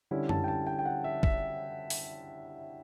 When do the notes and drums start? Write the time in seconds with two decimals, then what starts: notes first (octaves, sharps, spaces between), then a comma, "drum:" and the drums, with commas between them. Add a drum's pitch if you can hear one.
0.11 D3 G3 C#4 E4
0.29 A5, drum: tom F#2
0.44 G5
0.48 A5
0.67 G5
0.79 G5
0.85 F#5
1.04 E5
1.23 E5, drum: kick
1.90 drum: open hi-hat